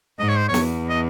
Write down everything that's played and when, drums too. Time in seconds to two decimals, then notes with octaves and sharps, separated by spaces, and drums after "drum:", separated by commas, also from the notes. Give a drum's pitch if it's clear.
0.19 G#2 D#5
0.28 C#5
0.38 C5
0.48 C#5
0.54 E2, drum: snare
0.89 D#5